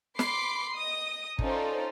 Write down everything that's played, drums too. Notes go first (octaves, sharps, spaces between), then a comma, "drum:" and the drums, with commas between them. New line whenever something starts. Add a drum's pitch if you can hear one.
B5 C6 D6 C7, drum: snare
D#5 D#6
C#4 D#4 F4 A4 C5 D5, drum: kick